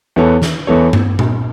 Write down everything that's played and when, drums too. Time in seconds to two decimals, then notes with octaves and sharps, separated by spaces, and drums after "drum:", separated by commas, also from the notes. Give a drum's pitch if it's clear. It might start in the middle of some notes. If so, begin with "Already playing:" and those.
0.16 E2 E3 B3 A4 C#5
0.42 drum: snare
0.67 E2 E3 B3 A4 C#5
0.93 drum: tom G2
1.19 drum: tom A#2